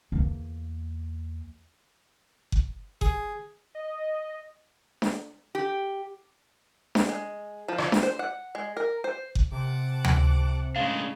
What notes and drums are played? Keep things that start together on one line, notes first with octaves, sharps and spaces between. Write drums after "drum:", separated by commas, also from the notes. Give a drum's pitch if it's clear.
E2 A#3
drum: kick F#1
G#4, drum: kick F#1
D#5
drum: snare D4
G4
drum: snare D4
G#3
F3
drum: rim click
drum: snare D4
C5
F#5
G#3
A#4
C5
drum: kick F#1
C3 F#5 A5 D6
drum: tom D2
A2 C#3 G#3 D4 F5